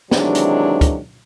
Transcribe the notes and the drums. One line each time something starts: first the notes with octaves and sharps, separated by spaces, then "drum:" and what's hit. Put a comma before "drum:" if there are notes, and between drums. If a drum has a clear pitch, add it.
C3 D#3 E3 F#3 G#3 D4, drum: snare
drum: hi-hat
drum: kick, hi-hat